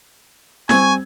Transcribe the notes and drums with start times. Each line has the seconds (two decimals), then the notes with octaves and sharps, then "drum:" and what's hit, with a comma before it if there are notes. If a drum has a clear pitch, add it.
0.69 G3 C4 G#5 C#6 G#6, drum: snare